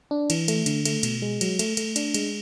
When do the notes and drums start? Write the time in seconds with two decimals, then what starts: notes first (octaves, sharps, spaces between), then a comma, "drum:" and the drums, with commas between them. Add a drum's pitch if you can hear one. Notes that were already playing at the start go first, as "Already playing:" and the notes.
0.11 D4
0.30 E3, drum: cymbal
0.48 A3, drum: cymbal
0.66 D3, drum: cymbal
0.86 A3, drum: cymbal
1.03 B2, drum: cymbal
1.22 G#3
1.41 F#3, drum: cymbal
1.59 A3, drum: cymbal
1.77 A3, drum: cymbal
1.96 D4, drum: cymbal
2.14 G#3, drum: cymbal